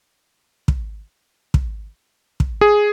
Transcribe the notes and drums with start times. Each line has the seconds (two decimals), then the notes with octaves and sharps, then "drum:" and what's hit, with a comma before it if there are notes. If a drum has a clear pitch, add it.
0.68 drum: kick
1.54 drum: kick
2.40 drum: kick
2.61 G#4